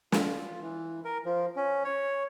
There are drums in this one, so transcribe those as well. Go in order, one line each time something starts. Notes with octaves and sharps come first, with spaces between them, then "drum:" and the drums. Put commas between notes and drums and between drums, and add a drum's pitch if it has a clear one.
F4, drum: snare
E3
A#4
F3
C#4
C#5